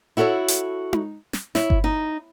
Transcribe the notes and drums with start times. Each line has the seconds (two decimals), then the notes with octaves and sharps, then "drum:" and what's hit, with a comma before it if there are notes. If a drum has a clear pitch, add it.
0.17 E4 F#4 A4 B4 C#5
0.48 drum: hi-hat
0.93 drum: tom D#4
1.33 drum: snare
1.55 E4 C#5, drum: snare
1.70 drum: kick G1
1.84 D#4